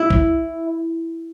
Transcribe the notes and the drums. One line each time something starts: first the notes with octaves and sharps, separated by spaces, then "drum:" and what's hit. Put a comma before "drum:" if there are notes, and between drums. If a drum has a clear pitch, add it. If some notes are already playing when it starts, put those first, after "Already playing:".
Already playing: E4
drum: kick